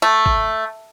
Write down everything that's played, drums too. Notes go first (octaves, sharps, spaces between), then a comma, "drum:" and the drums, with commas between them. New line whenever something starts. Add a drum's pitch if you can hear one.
A3
drum: kick G#1